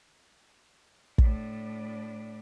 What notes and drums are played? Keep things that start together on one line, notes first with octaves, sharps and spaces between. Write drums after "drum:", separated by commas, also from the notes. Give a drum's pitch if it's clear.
A2 D4, drum: kick